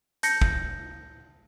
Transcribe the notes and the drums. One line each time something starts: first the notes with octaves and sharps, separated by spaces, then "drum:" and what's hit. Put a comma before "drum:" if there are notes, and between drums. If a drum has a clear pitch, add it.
A5 G6 A#6 C#7, drum: hi-hat
drum: kick